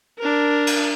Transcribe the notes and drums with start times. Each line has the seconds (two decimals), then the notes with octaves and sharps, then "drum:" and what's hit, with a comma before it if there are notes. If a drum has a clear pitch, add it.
0.19 D4 A#4
0.67 drum: cymbal